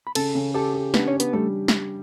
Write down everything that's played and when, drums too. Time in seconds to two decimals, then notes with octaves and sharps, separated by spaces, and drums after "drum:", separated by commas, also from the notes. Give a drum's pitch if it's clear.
0.07 B5
0.15 C#3 A4 A5, drum: cymbal
0.35 C#3
0.54 G4 A4 A5
0.74 G4
0.94 B3 D4 B4, drum: snare
1.07 C#4 C#5
1.13 D4
1.20 B3 B4, drum: hi-hat
1.33 G3 A3 A4
1.68 drum: snare